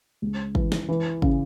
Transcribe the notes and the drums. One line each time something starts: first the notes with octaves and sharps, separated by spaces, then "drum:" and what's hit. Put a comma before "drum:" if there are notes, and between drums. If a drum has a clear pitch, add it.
C#2
E3, drum: kick
drum: snare
E3
C#3, drum: kick